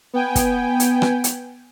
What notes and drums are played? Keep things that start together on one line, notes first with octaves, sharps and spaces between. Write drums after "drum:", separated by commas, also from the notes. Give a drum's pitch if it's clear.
B3 G5 G#5
drum: kick, hi-hat
drum: hi-hat
drum: rim click
drum: hi-hat